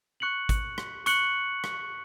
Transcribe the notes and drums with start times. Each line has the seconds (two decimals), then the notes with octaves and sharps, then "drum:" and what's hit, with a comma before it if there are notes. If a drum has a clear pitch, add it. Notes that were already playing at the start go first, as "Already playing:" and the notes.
0.20 C#6 F#6 C#7 F#7
0.49 drum: kick G#1, hi-hat
0.78 drum: rim click
1.06 C#6 F#6 C#7 F#7, drum: hi-hat
1.64 drum: rim click